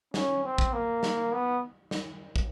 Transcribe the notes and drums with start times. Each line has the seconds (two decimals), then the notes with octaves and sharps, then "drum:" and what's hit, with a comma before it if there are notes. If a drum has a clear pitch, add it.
0.14 C#4, drum: snare
0.44 C4
0.58 drum: kick
0.73 A#3
1.03 drum: snare
1.32 B3
1.91 drum: snare
2.36 drum: kick